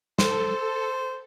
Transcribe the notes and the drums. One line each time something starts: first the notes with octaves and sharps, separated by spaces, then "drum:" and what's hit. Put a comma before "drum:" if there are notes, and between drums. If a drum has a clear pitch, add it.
A4 C5, drum: snare